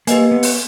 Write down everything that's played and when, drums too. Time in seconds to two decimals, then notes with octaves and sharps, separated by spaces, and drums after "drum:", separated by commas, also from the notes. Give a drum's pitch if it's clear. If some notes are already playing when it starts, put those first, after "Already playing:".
0.07 A#3 G4 B4 D#5 G#5, drum: hi-hat
0.31 B3
0.43 drum: open hi-hat